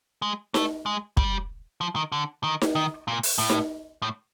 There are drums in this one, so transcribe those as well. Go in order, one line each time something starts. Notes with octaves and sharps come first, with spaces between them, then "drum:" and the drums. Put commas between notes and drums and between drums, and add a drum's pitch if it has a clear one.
G#3
A3, drum: snare D#4
G#3
G3, drum: kick
F3
D#3
D3
D#3
drum: snare D#4
D#3
A#2
drum: open hi-hat
A2
drum: snare D#4
A2